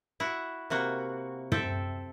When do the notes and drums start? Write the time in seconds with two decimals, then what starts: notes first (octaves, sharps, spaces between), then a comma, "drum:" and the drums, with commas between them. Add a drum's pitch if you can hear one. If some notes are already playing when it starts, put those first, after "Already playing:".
0.20 E4 F#4 F#5
0.70 C3 A#3 F#4
1.52 C4 A4 E5 G5, drum: tom